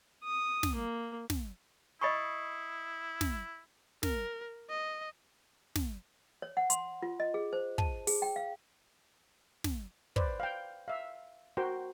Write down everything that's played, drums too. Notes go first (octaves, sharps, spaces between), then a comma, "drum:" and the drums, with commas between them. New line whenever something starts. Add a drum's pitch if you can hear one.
D#6
drum: snare
A#3
drum: snare
E4 D#5 B5 C#6 D#6 C7 C#7
drum: snare
A#4, drum: snare
D#5
drum: snare
C#5
F#5
C6, drum: hi-hat
F4
D#5
G#4
C5
A5, drum: kick
G#4, drum: open hi-hat
G5
F5
drum: snare
B4 C5 D5, drum: kick
F5 G5
E5 F5
F#4 A#4 C5 G5 C6